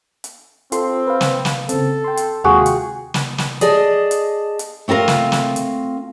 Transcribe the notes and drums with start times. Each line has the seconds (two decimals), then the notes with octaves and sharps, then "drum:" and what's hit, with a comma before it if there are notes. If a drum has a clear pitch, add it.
0.24 drum: hi-hat
0.72 C4 F4 A4 C6, drum: hi-hat
1.07 B4 F5
1.21 drum: snare
1.45 drum: snare
1.69 C#3 C4 A4, drum: hi-hat
2.04 G5 C6
2.17 drum: hi-hat
2.44 D#2 C3 G#3 F4 F#4 G#4 G5
2.66 drum: hi-hat
3.14 drum: snare
3.38 drum: snare
3.61 G#4 D5 D#5 A5, drum: hi-hat
4.11 drum: hi-hat
4.59 drum: hi-hat
4.88 A3 C4 F4 A#4 F5
5.08 drum: snare
5.32 drum: snare
5.56 drum: hi-hat